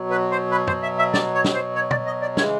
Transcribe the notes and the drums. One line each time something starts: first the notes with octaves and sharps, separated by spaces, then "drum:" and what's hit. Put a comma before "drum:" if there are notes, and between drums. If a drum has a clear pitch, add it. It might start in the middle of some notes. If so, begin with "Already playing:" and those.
Already playing: B2 F#3
B4
C5
B4
C5, drum: tom
E5
E5
D5, drum: snare
C#5
drum: snare
C5
C#5
D5, drum: tom
D#5
D5
C#3 E3 G#3 C#5, drum: snare